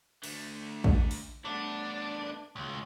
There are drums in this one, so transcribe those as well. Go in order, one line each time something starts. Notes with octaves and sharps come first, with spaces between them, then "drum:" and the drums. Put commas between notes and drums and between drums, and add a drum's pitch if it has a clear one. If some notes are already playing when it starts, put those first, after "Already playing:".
D3 A3, drum: cymbal
drum: kick A1
drum: open hi-hat
A3 B3 D4
C#2